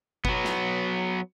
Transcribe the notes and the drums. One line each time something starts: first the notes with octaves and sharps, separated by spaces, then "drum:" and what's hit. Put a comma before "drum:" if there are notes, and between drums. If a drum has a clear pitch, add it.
F#3 B3, drum: kick G1
drum: snare